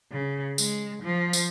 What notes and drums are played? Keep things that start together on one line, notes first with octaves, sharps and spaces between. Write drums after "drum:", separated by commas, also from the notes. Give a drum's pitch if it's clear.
C#3
G#3, drum: tambourine
F3
drum: tambourine